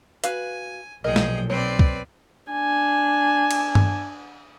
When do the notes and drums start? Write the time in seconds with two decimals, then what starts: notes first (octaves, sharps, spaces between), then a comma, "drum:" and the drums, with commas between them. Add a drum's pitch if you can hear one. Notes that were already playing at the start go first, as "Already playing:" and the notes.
0.24 F#4 B4 F5 G#5, drum: hi-hat
1.04 B1 A#2 F3 G#4 A#4 D#5 G5
1.16 drum: snare
1.50 C4 B4 C#5 D5
1.79 drum: kick C2
2.52 D4 G#5
3.51 drum: cymbal
3.75 drum: tom G2